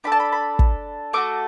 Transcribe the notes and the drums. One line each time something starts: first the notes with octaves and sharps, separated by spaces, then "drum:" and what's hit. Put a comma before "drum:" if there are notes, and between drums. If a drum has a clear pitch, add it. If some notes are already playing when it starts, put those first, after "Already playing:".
D4 A4 B5
A5
B5
B5
drum: kick
A3 F#4 A4 D6